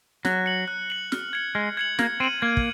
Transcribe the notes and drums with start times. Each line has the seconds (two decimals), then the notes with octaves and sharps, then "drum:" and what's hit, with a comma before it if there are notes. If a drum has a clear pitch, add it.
0.25 F#3 F#6, drum: snare
0.46 C#7 F#7
0.68 F#6
0.90 C#7 F#7
1.12 F6, drum: snare
1.33 G#6 C#7 F#7
1.55 G#3 F6
1.77 G#6 C#7 F#7
1.99 A#3 G#6, drum: snare
2.20 C4 D#7 F#7
2.42 A#3 G#6
2.57 drum: kick